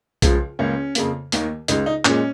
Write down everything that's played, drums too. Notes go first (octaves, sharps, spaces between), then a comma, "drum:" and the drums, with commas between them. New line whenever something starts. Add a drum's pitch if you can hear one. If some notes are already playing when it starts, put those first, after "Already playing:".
C#2 C#3 F3, drum: kick B1, hi-hat
C#2 C#3 A#3 C#4
F2 C#3 A#3, drum: hi-hat
D#2 D#3 A#3, drum: hi-hat
C#2 C#3 G#3 D#4, drum: hi-hat
D#4
A#2 G#3 C#4, drum: clap